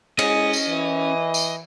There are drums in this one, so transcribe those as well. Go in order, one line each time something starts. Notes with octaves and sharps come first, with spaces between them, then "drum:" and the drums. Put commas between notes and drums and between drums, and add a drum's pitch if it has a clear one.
G#3 C#4 D#5, drum: cymbal
drum: tambourine
E3
drum: tambourine